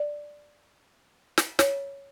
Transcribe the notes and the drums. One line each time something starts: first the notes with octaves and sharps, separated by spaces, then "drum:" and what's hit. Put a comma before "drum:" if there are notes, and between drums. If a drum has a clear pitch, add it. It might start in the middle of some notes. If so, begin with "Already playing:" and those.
Already playing: D5
drum: snare
C#5, drum: snare